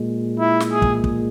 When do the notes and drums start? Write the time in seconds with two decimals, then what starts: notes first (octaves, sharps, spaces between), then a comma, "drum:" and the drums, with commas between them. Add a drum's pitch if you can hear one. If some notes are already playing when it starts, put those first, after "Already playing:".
Already playing: A#2 G#3
0.39 E4
0.60 drum: snare
0.71 G#4
0.82 drum: kick
1.04 drum: kick